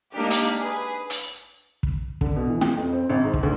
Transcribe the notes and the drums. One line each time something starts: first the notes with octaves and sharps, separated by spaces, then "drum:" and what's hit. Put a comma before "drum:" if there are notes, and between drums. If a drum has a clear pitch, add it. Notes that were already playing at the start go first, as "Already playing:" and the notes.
G#3 A#3 D4 D#4 G4
drum: hi-hat
G#4 B4
drum: hi-hat
drum: kick
D3, drum: kick
B2
E3
G5, drum: snare
F2
C4
G#1
G#2
drum: kick
D2